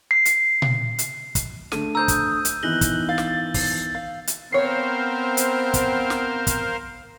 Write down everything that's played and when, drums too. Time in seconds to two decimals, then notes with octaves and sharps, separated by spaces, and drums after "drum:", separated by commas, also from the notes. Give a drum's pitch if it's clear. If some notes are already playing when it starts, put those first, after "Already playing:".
0.11 C7
0.25 drum: hi-hat
0.62 drum: tom A#2
0.99 drum: hi-hat
1.35 drum: kick, hi-hat
1.72 D3 A3 D#7, drum: snare
1.95 C5 C#5 A#5 D#6 E6 G6
2.08 drum: kick, hi-hat
2.45 drum: hi-hat
2.63 D#3 E3 B3 F#6 A#6 F#7 G7
2.81 drum: kick, hi-hat
3.09 F5 A6
3.18 drum: snare
3.54 drum: kick, open hi-hat
3.95 F5
4.27 drum: hi-hat
4.52 B3 C4 A#4 C5 C#5 F5 C7
5.37 drum: hi-hat
5.74 drum: kick, hi-hat
6.10 drum: snare
6.47 drum: kick, hi-hat